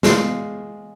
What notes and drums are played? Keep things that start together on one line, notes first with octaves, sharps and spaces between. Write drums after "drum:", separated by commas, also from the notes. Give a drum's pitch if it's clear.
G#3 F5, drum: snare